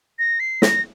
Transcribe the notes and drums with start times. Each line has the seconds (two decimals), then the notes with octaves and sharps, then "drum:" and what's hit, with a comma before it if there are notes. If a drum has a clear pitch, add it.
0.19 A#6
0.40 C7
0.62 A#6, drum: snare